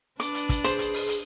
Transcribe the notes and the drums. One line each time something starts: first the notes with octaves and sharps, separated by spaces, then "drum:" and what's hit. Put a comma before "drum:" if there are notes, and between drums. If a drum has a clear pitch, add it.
D4 B4 D5 D6, drum: hi-hat
drum: hi-hat
drum: kick, hi-hat
G#4 C5, drum: hi-hat
drum: hi-hat
drum: open hi-hat
drum: hi-hat